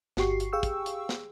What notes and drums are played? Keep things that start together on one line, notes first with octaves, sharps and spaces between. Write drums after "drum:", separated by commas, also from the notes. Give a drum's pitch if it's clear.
G1 F#4 G4 C#6 C7, drum: snare
drum: hi-hat
G4 G#4 F5 G5 C#6 E6
drum: kick, hi-hat
drum: hi-hat
drum: snare